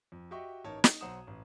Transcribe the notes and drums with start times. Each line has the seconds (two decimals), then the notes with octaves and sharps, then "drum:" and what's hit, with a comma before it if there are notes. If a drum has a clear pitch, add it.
0.12 F2
0.31 F#4 G4 D#5 E5 G5 C#6
0.64 A1 D#4 A#4 C#5 A5 G#6
0.84 D#4, drum: snare
1.01 B1 C5 F#5 A#5 D#6 E7
1.27 A1